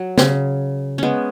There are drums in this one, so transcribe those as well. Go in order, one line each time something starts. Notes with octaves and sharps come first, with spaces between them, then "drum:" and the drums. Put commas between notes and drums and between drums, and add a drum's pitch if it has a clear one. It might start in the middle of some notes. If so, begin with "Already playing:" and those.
Already playing: F#3
C#3, drum: snare
G#3 B3 C#4